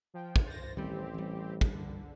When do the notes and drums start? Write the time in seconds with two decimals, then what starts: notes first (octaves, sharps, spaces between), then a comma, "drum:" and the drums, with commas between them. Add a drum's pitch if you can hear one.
0.14 F3 G5
0.36 drum: kick
0.45 C5 A6 A#6
0.77 A1 D#3 G3 C4 G4
1.14 E3 G3
1.61 drum: kick
1.72 D3